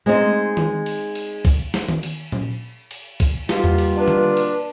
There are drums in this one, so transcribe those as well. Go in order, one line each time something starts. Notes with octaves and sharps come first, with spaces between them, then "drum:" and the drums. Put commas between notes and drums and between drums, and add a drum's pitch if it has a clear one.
G#3 C4 D#4
drum: tom D#3
drum: cymbal
drum: cymbal
drum: kick, cymbal
drum: snare
drum: tom D#3
drum: cymbal
drum: tom A#2
drum: cymbal
drum: kick, cymbal
B2 G3 A#3 F4 G4, drum: snare
drum: tom E2
drum: cymbal
D4 B4
drum: tom D3
drum: cymbal